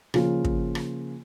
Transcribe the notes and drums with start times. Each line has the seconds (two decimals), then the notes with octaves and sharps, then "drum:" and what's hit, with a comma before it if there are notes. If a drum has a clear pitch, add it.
0.14 C#3 F3 A#3 F4, drum: rim click
0.44 drum: kick
0.75 drum: rim click